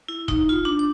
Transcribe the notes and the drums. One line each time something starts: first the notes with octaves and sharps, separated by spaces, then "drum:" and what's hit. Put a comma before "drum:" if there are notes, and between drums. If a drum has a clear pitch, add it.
E4
D#4, drum: kick E1
F4
D4
D6